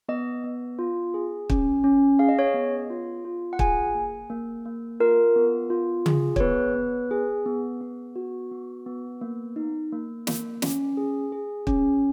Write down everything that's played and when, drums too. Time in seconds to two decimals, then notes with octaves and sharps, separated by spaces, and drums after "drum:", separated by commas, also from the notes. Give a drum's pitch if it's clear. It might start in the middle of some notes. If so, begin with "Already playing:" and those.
0.09 B3 D#5
0.44 B3
0.79 F4
1.14 G#4
1.50 C#4, drum: kick
1.84 C#4
2.19 G#4 F5
2.29 D#5
2.39 C#5
2.47 D#5
2.54 B3
2.90 F4
3.25 F4
3.53 F#5
3.59 G#4 G#5, drum: kick
3.95 A#3
4.30 A#3
4.65 A#3
5.00 F4 A#4
5.36 B3
5.70 F4
6.06 G#4, drum: tom C#3
6.36 C#5, drum: kick
6.40 B3 B4
6.75 B3
7.11 G#4
7.46 B3
7.81 B3
8.16 F#4
8.51 B3
8.86 B3
9.21 A#3
9.56 D#4
9.92 A#3
10.27 A#3, drum: snare
10.62 C#4, drum: snare
10.97 G#4
11.32 G#4
11.67 C#4, drum: kick